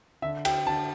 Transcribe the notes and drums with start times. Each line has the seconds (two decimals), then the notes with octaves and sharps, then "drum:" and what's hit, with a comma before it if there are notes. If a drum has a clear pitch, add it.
0.22 D3 E5
0.45 G5, drum: cymbal
0.66 D3 A5